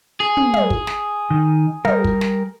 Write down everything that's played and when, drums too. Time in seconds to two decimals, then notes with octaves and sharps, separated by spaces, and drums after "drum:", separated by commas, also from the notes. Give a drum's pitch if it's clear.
0.20 G#4
0.37 drum: tom
0.54 drum: tom
0.70 drum: kick
0.87 drum: snare
1.30 D#3
1.85 G3 A#4, drum: tom
2.04 drum: kick
2.21 drum: snare